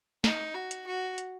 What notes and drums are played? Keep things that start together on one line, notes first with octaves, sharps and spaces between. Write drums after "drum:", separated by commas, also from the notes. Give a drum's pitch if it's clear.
D#4, drum: snare
F#4
drum: hi-hat
F#4
drum: hi-hat